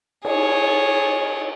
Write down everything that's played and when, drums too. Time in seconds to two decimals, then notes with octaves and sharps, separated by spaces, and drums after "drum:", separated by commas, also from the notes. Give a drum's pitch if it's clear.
0.25 G#4 C#5, drum: cymbal